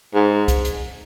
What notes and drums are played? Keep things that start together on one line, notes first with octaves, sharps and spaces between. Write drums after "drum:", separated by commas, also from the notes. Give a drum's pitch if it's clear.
G#2
drum: kick C2, hi-hat
drum: hi-hat